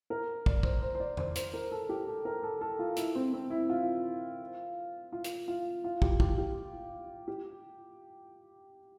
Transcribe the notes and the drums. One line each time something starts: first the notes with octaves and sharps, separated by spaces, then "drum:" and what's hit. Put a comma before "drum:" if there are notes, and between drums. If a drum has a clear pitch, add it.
A#4
D5, drum: kick
C5, drum: kick
C5
C5
D5
C5, drum: tom F2
C5, drum: hi-hat
A#4
A4
G4
A4
A#4
A4
A4
F4
E4, drum: hi-hat
C4
C4
E4
F4
F4
drum: hi-hat
F4
F4
G4, drum: kick
G4, drum: kick
G4
G4